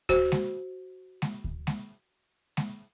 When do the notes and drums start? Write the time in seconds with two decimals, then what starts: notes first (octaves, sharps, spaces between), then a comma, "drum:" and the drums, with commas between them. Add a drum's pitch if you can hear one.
0.09 F#4 C5, drum: kick D2
0.32 drum: snare G#3
1.22 drum: snare G#3
1.44 drum: kick D2
1.67 drum: snare G#3
2.57 drum: snare G#3